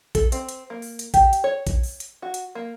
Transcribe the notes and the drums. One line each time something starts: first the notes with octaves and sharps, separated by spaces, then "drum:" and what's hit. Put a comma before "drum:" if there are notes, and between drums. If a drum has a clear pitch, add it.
A4, drum: kick A#1, hi-hat
C4, drum: hi-hat
drum: hi-hat
A#3
drum: open hi-hat
drum: hi-hat
G4, drum: kick A#1, hi-hat
drum: hi-hat
C#5
drum: kick A#1, hi-hat
drum: open hi-hat
drum: hi-hat
F#4
drum: hi-hat
A#3